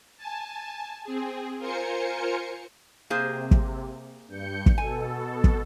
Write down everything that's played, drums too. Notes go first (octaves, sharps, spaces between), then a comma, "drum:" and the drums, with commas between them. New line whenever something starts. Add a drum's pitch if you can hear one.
G#5 A5
C4 G#4
F4 A#4 C5 G#5 C#7
C3 A#3 G#4 C5
drum: kick
G2 G6 C#7
drum: kick
B2 A4 G#5
drum: kick